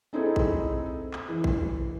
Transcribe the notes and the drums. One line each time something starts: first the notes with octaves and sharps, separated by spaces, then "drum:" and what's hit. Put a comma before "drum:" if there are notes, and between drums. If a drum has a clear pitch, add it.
C4 D#4 E4 G#4 A4
drum: kick A#1
drum: clap
E3
drum: kick A#1